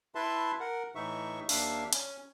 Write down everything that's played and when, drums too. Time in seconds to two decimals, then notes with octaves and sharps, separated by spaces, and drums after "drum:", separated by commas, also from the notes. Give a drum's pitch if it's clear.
0.15 E4 B4 E5 A5 C6
0.60 A#4 F#5
0.95 A2 E3 D#4 E5 C#6
1.49 D#2 A#3 D4 E5 F5, drum: open hi-hat
1.93 C#4, drum: hi-hat